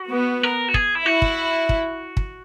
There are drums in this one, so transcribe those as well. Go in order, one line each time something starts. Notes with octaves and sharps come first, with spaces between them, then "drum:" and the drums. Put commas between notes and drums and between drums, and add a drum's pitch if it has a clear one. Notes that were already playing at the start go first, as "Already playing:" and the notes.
Already playing: F#4
B3
A#4
F#4
G#4, drum: kick
E4
E4 F#4
drum: kick
drum: kick
drum: kick